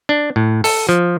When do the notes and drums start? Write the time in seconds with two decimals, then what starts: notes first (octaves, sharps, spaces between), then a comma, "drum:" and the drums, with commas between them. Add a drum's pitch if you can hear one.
0.09 D4
0.36 A2
0.64 A4, drum: open hi-hat
0.89 F3